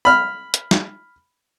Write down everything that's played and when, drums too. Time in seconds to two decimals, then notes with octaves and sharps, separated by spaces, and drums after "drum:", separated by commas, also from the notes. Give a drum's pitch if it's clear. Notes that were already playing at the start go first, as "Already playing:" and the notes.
0.05 B5 F6
0.54 drum: hi-hat
0.71 drum: snare